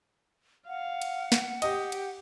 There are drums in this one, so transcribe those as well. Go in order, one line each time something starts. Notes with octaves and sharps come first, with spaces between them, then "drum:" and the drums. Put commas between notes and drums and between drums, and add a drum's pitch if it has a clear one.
F5 F#5
drum: cymbal
drum: snare
G4 D#5, drum: cymbal
drum: cymbal